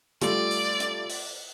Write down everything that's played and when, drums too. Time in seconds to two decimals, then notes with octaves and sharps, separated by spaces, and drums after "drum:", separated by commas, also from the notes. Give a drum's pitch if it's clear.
0.21 G3 A3 F4 D5, drum: hi-hat
0.51 drum: open hi-hat
0.80 drum: hi-hat
1.10 drum: open hi-hat